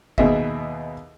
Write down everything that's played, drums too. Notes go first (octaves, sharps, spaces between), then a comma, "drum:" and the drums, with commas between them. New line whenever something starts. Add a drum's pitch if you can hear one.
D#2 B2 G#4 D#5 E5, drum: kick G1